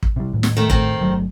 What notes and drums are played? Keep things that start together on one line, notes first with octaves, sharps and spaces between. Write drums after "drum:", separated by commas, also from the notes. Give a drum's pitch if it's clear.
drum: kick
C3 G3
D#2 A2
drum: snare
D#3 A3
D#3 C4, drum: kick
G1 F#3 A3